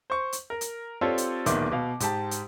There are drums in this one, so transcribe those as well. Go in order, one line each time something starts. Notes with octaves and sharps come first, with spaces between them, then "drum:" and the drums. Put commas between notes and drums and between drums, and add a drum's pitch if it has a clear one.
C5 C#6
drum: hi-hat
A#4
drum: hi-hat
C4 F4 G4 A4 C#5 D5
drum: hi-hat
D1 A#2 D#3 B3 E5 D6, drum: hi-hat
B2 F5
G#2 G4 A5, drum: hi-hat
drum: hi-hat